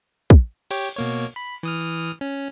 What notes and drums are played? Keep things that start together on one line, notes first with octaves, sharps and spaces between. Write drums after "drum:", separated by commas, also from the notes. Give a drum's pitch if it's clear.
drum: kick
G4 C#5 G5, drum: cymbal
B2 A#3 C#5
B5
E3 D#6 F6
drum: hi-hat
C#4